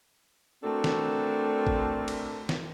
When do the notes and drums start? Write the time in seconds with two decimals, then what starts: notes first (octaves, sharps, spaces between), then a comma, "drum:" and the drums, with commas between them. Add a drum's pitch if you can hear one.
0.64 A3 C4 D4 F#4 A4 A#4
0.84 drum: snare
1.67 drum: kick
2.08 drum: cymbal
2.49 drum: snare